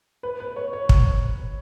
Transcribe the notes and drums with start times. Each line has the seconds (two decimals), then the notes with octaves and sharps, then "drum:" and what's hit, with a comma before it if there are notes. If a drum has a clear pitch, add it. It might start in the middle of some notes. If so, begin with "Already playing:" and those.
0.23 B4
0.40 B4
0.56 C#5
0.73 C#5
0.89 drum: kick